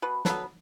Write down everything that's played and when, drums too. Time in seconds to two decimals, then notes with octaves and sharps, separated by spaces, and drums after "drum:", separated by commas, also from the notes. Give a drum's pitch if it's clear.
0.02 B2 B4
0.25 F#3 B3 A4 B4, drum: snare